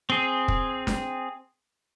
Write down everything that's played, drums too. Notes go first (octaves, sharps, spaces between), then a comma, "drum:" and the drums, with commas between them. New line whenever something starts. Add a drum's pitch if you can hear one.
C4 G#4
drum: kick
drum: snare